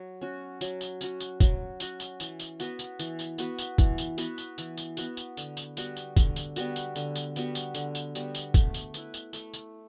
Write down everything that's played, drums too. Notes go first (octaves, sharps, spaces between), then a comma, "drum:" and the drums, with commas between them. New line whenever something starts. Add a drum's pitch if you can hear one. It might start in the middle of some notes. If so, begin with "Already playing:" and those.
Already playing: F#3
C#4 F#4
F#3, drum: tambourine
drum: tambourine
C#4 F#4, drum: tambourine
drum: tambourine
F#3, drum: kick, tambourine
C#4 F#4, drum: tambourine
drum: tambourine
E3, drum: tambourine
drum: tambourine
B3 F#4 B4, drum: tambourine
drum: tambourine
E3, drum: tambourine
drum: tambourine
B3 F#4 B4, drum: tambourine
drum: tambourine
E3, drum: kick, tambourine
drum: tambourine
B3 F#4 B4, drum: tambourine
drum: tambourine
E3, drum: tambourine
drum: tambourine
B3 F#4 B4, drum: tambourine
drum: tambourine
D3, drum: tambourine
drum: tambourine
G3 B3 F#4, drum: tambourine
drum: tambourine
D3, drum: kick, tambourine
drum: tambourine
G3 B3 F#4, drum: tambourine
drum: tambourine
D3, drum: tambourine
drum: tambourine
G3 B3 F#4, drum: tambourine
drum: tambourine
D3, drum: tambourine
drum: tambourine
G3 B3 F#4, drum: tambourine
drum: tambourine
A3, drum: kick, tambourine
drum: tambourine
E4 B4, drum: tambourine
drum: tambourine
A3, drum: tambourine
drum: tambourine